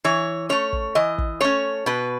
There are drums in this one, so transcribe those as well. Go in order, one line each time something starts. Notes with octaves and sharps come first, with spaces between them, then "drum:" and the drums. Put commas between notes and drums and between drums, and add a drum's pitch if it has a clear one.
E3 C#5
A3 C#4 C#5
drum: kick
E3 D#5
drum: kick
A3 C#4 C#5
B2 B4